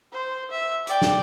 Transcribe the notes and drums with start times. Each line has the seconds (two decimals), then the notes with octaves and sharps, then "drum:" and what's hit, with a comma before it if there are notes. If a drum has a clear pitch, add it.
0.13 C5
0.51 E5
0.87 D5 G5, drum: hi-hat
1.02 drum: snare